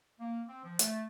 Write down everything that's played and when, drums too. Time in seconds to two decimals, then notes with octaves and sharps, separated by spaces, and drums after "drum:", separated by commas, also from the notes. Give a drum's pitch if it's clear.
0.20 A#3
0.48 C4
0.63 F3
0.79 A3, drum: hi-hat